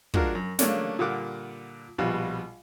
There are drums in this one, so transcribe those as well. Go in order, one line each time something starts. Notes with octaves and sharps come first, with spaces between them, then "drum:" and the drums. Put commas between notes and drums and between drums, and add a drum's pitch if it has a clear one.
F3 G#3 D4 F#4 A#4 F5, drum: kick
F#2
C#3 F#3 A3 A#3 C#4 D4, drum: snare
A#2 D3 G3 A#3 F#5 D6
A#1 B2 G3 F4